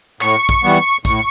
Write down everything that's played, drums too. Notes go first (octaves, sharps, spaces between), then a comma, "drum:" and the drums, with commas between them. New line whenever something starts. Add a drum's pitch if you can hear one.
A2 C#6, drum: clap
drum: kick
E3 G3 B3
A2 C#6, drum: kick, hi-hat